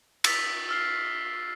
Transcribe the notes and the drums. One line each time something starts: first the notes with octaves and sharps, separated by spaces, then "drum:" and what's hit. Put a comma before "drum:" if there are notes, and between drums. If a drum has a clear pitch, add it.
E6 A6 B6, drum: cymbal
E6 F6 C7